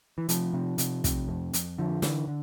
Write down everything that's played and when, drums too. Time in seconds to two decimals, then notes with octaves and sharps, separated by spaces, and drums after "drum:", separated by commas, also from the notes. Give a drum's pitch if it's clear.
0.18 E3
0.29 C3 F3, drum: hi-hat
0.53 C3
0.78 C3, drum: hi-hat
1.04 C3, drum: kick, hi-hat
1.28 F2
1.53 F2, drum: hi-hat
1.78 D3 F3
2.02 D3 E3, drum: snare
2.28 D3